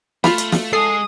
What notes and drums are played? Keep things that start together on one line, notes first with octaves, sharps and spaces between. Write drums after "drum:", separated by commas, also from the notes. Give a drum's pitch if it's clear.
A3 F4 F5 B5, drum: snare
drum: hi-hat
drum: snare
G#3 G#4 A4 D#6 C7